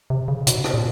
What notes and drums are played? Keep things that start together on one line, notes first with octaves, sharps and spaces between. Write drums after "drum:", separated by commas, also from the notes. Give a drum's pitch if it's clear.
C3
C#3
B2, drum: hi-hat
drum: rim click
A#2